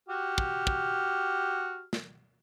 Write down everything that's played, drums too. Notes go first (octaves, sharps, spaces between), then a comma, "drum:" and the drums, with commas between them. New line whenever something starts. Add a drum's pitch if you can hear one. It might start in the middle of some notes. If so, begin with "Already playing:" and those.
F#4 G4 F6
drum: kick
drum: kick
drum: snare